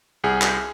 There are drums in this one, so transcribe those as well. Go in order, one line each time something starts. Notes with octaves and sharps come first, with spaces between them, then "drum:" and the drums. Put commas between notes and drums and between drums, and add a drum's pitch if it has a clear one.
C2 G#4
drum: clap